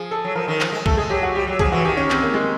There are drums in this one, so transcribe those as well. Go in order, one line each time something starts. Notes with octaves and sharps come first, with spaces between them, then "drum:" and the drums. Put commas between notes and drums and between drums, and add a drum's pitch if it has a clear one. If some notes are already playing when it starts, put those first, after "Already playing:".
Already playing: F3 G#4
A4
F#3
F3 A#4
D#3
F3, drum: clap
G#3
A3 A4, drum: kick
G#3 G#4
F#3 G4
F#4
G3 G4
F#3
F3 G#4, drum: kick
E3 F#4
D#3 G4
C#4
C4, drum: clap
A#3
G#3